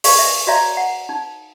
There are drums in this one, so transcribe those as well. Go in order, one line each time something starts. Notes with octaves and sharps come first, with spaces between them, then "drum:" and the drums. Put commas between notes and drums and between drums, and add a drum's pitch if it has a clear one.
G#4 D5 F5 C#6, drum: open hi-hat
E5
F#4 C#5 D5 E5 F5 A#5
F#5
D#4